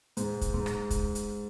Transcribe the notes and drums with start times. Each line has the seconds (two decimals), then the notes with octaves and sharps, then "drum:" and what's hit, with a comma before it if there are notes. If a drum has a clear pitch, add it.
0.17 G#2, drum: hi-hat
0.41 drum: kick, hi-hat
0.54 G#2
0.66 drum: rim click
0.91 drum: kick, hi-hat
1.15 drum: hi-hat